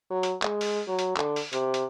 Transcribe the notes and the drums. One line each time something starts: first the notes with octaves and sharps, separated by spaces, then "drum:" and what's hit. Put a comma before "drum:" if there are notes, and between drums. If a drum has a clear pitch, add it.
F#3
drum: hi-hat
G#3, drum: clap
drum: open hi-hat
F#3
drum: hi-hat
D3, drum: clap
drum: open hi-hat
C3, drum: hi-hat
drum: hi-hat